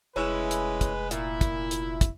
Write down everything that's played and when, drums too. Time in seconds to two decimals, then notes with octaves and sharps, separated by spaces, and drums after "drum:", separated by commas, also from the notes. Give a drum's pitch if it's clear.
0.16 F1 G#3 C#4 E4 B4
0.51 drum: hi-hat
0.81 drum: kick, hi-hat
1.11 A#2 E4, drum: hi-hat
1.41 drum: kick, hi-hat
1.71 drum: hi-hat
2.01 drum: kick, hi-hat